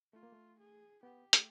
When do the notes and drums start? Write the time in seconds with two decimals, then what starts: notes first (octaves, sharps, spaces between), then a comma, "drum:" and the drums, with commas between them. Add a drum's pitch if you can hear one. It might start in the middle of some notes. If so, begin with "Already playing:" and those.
0.13 A3 F4
0.23 A#3
0.32 A3
0.59 G#4
1.03 B3 G4
1.33 A3, drum: hi-hat